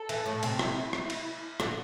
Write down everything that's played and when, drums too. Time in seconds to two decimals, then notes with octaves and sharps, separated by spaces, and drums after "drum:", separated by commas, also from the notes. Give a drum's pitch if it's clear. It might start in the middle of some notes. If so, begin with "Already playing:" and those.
Already playing: A4
0.09 E2 E3, drum: cymbal
0.26 A2 A3
0.43 C3 C4, drum: cymbal
0.59 E4, drum: rim click
0.93 drum: rim click
1.10 drum: cymbal
1.60 D3 D4, drum: rim click